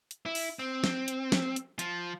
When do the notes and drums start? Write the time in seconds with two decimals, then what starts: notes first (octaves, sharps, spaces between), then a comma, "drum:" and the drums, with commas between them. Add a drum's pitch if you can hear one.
0.11 drum: hi-hat
0.26 E4
0.35 drum: open hi-hat
0.59 C4
0.84 drum: snare
1.08 drum: hi-hat
1.32 drum: snare
1.56 drum: hi-hat
1.79 F3, drum: hi-hat